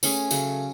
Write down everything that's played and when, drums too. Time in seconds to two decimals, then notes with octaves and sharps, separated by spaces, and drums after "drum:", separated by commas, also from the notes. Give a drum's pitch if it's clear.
0.03 A3 C#4 G#4, drum: tambourine
0.31 C#3 F#3 A3, drum: tambourine